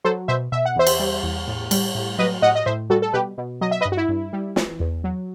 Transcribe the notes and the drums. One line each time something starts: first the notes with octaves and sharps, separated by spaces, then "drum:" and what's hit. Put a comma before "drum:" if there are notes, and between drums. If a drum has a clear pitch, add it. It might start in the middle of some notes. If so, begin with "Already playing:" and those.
F#3 A4 C5
B2 C5 E5
B2 E5
F#5
E2 C5 E5
drum: cymbal
G3
E2
A2
G3, drum: cymbal
A2
F#3 B4 D#5
A2 D#5 F#5
D#5
A2 C5 E5
G3 F#4 A4
A4
B2 G4 B4
B2
F#3 D#5
E5
B4 D#5
G2
F#4
E4
G2
G3
E3, drum: snare
E2
F#3